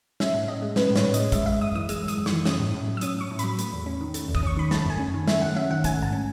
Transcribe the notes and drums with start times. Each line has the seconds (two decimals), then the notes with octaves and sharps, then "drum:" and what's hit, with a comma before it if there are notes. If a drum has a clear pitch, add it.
0.20 C#4 E5, drum: snare
0.34 A2
0.48 A2 D#5
0.62 G#3
0.76 C#4 B4, drum: snare
0.90 A2
0.96 C#5, drum: snare
1.04 A2
1.14 D#5, drum: hi-hat
1.19 G#3
1.32 G#3 E5, drum: kick, hi-hat
1.46 F#2 E5
1.61 F#2 D#6
1.75 E3 D#6
1.89 G#3 E6, drum: hi-hat
2.03 F#2
2.08 D#6, drum: hi-hat
2.17 F#2
2.26 C#6, drum: snare
2.32 E3
2.45 C#4 D#6, drum: snare
2.59 A2
2.74 A2
2.88 F#3
2.97 E6
3.01 C#4 D#6, drum: hi-hat
3.16 A2 C#6
3.31 A2
3.39 F#3 B5, drum: hi-hat
3.59 A3, drum: hi-hat
3.73 E2
3.86 C#4
4.01 D#3
4.14 A3, drum: hi-hat
4.28 E2
4.35 D#6, drum: kick
4.43 C#4 C#6
4.57 D#3 B5
4.71 A3 A5, drum: snare
4.86 F#2 G#5
4.99 C#4
5.14 D#3
5.28 A3 E5, drum: snare
5.42 F#2 F#5
5.56 C#4 E5
5.70 D#3 F#5
5.84 A3 G#5, drum: kick, hi-hat
5.98 G#2 A5
6.12 C#4